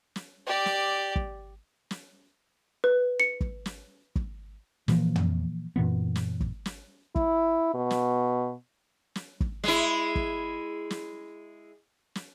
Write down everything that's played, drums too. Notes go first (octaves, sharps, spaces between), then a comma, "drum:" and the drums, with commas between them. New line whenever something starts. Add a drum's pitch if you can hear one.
drum: snare
G4 D5
drum: snare
drum: kick
drum: snare
B4
C#7
drum: kick
drum: snare
drum: kick
A#2 E3 F3 A#3, drum: snare
drum: tom
F#2 A#2 E3 B3
drum: snare
drum: kick
drum: snare
E4, drum: kick
B2
drum: snare
drum: snare
drum: kick
G#3 E4, drum: snare
drum: kick
drum: snare
drum: snare